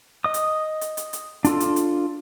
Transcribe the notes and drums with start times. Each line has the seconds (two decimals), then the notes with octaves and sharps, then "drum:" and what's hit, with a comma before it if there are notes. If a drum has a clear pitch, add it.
0.24 D#5 D#6
0.34 drum: hi-hat
0.81 drum: hi-hat
0.97 drum: hi-hat
1.13 drum: hi-hat
1.45 D4 F4 A4, drum: hi-hat
1.60 drum: hi-hat
1.76 drum: hi-hat